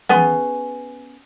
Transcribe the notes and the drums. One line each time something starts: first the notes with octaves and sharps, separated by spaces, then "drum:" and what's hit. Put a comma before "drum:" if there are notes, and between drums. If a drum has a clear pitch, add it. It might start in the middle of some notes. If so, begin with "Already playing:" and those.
B3 C#4 G#4 C6, drum: tom E3